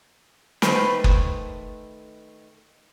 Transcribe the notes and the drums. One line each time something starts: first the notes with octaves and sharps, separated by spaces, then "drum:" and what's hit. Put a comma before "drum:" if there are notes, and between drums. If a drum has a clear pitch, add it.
D#3 A3 B4 C5, drum: snare
drum: kick F#1